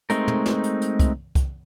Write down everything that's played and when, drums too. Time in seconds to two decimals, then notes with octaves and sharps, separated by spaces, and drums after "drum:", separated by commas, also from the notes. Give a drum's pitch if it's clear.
0.10 G#3 A3 C4 D#4 A#4, drum: hi-hat
0.28 drum: tom
0.46 drum: snare
0.64 drum: hi-hat
0.82 drum: hi-hat
1.00 drum: kick, hi-hat
1.35 drum: kick, hi-hat